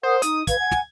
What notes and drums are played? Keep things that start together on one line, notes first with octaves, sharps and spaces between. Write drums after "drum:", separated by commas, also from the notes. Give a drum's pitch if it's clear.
A#4 C5 F#5 D#6
D#4 D#6, drum: hi-hat
B4 F5 G#6, drum: kick, hi-hat
F#5 G#5
drum: snare